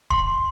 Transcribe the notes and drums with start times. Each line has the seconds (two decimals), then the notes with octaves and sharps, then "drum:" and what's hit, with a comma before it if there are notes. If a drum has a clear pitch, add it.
0.10 C6, drum: kick D1